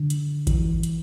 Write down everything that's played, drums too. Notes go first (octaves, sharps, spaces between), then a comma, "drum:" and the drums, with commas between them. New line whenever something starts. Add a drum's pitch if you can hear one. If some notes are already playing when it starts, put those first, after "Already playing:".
Already playing: D3
drum: hi-hat
E3, drum: kick G#1, hi-hat
drum: hi-hat